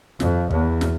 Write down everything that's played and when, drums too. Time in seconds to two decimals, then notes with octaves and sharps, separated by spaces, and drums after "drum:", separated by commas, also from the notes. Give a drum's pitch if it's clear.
0.20 F2, drum: snare
0.51 E2, drum: kick
0.81 drum: snare